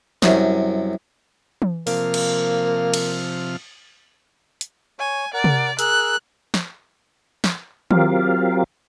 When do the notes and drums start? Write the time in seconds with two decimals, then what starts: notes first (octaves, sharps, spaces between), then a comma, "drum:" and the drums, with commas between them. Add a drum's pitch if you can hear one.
0.22 C2 F#2, drum: snare
1.62 drum: tom E3
1.87 C3 F3 A#3 F6, drum: open hi-hat
2.14 drum: cymbal
2.94 drum: cymbal
4.61 drum: hi-hat
4.99 C#5 G#5
5.34 A#4 D5 F#5
5.44 drum: tom C3
5.79 G#4 A#4 E6 F#6, drum: hi-hat
6.54 drum: snare
7.44 drum: snare
7.91 F#3 C4 F4 G4 A#4 F5, drum: tom D#3